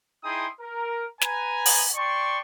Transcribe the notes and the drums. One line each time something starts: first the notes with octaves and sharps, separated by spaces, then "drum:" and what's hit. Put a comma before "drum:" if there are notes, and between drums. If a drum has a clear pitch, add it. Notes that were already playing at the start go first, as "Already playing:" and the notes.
D#4 E4 G#4 G5 C6 D#6
A#4
B4 G#5 A#5, drum: snare
drum: open hi-hat
D5 G5 A5 C6 C#6